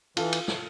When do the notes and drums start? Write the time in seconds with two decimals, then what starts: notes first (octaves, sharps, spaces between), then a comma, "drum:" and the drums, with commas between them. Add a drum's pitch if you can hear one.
0.17 E3 F4 A4, drum: cymbal
0.32 drum: cymbal
0.48 drum: snare